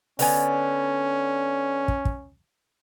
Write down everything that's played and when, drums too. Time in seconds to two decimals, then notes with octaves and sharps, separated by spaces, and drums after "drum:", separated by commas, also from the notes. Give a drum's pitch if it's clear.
0.19 D3 B3 C#4 G#5, drum: open hi-hat
1.88 drum: kick
2.05 drum: kick